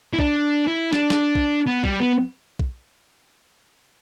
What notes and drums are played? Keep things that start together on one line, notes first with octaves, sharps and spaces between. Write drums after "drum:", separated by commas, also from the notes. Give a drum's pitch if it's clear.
E4
D4, drum: kick
E4
D4, drum: snare
drum: snare
drum: kick
B3
G3, drum: kick
B3
drum: kick